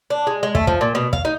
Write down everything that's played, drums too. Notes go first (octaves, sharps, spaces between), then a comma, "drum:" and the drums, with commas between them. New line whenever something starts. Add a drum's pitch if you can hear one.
D4
G#3
G#3
A3, drum: kick
F3, drum: kick
A#2
B2
F5, drum: kick
D#4